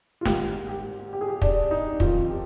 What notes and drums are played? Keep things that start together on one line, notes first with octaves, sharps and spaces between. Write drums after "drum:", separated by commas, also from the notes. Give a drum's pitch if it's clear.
F4
G#2 D#3 G4, drum: snare
G4
G4
G#4
G4
D4, drum: kick
D#4
F2 D#3 F4, drum: kick
G4